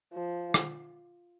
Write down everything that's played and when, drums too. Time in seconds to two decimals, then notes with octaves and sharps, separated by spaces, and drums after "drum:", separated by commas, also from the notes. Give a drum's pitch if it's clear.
0.14 F3
0.54 drum: rim click